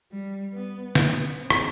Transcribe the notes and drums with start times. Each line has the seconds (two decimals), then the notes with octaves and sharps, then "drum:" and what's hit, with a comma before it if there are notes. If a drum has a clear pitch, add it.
0.12 G3
0.53 B3
0.95 B3, drum: snare
1.38 C4
1.50 drum: rim click